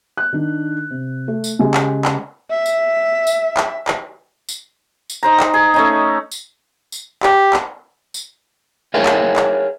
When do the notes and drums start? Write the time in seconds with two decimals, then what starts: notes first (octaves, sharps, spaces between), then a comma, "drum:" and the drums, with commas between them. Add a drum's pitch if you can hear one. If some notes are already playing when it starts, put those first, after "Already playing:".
0.17 F#6
0.33 D#3 D4
0.90 C3
1.28 A3
1.44 drum: tambourine
1.59 C#3 G#3 G4 G#4
1.74 drum: clap
2.05 drum: clap
2.51 E5
2.66 drum: tambourine
3.27 drum: tambourine
3.57 drum: clap
3.88 drum: clap
4.49 drum: tambourine
5.10 drum: tambourine
5.23 D#4 C5 A#5
5.40 drum: clap
5.54 G#4
5.74 A3 C#4 D#4
6.31 drum: tambourine
6.92 drum: tambourine
7.23 G4, drum: clap
7.53 drum: clap
8.14 drum: tambourine
8.94 G#4 A#4 C#5 E5 F5 G#5
9.06 drum: clap
9.36 drum: clap